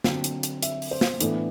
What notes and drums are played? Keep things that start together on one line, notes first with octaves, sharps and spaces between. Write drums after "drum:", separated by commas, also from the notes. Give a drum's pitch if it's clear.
D3 F#3 C4, drum: snare
drum: hi-hat
drum: hi-hat
E5, drum: hi-hat
drum: open hi-hat
C5
drum: snare
A2 E3 B3 D4 A4, drum: hi-hat